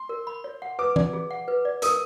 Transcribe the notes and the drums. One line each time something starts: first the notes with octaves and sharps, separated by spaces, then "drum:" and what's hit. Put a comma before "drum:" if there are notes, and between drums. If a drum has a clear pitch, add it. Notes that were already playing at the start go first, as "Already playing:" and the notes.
Already playing: C6
A#4
B5
C#5
F#5
B4 D6
D5, drum: tom E3
G#4
F#5
B4
D5
A#4 D#6, drum: hi-hat